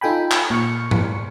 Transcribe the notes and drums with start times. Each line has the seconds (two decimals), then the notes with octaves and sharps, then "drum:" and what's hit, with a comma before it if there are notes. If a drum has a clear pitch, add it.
0.01 D#4 F4 A4 G5 G#5 B5
0.31 drum: clap
0.50 A#2 C#6 F6 C#7
0.91 drum: tom G#2